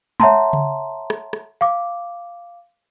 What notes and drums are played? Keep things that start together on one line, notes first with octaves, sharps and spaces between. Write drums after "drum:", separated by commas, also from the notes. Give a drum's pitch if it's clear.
C#5 E5 F#5 A5 A#5 C6, drum: tom G#3
drum: tom C#3
drum: rim click
drum: rim click
F5 D6